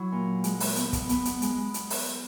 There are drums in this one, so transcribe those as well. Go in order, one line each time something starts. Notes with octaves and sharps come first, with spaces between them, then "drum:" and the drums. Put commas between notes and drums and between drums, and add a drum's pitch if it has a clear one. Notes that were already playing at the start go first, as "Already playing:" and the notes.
Already playing: F#3 E4
A#2
G#3, drum: hi-hat
drum: open hi-hat
B3, drum: hi-hat
drum: kick, hi-hat
B3, drum: hi-hat
drum: hi-hat
G#3, drum: hi-hat
drum: hi-hat
drum: open hi-hat